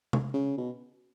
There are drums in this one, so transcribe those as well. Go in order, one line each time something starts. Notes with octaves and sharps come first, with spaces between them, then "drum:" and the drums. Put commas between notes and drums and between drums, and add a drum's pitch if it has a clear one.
drum: tom C3
C#3
B2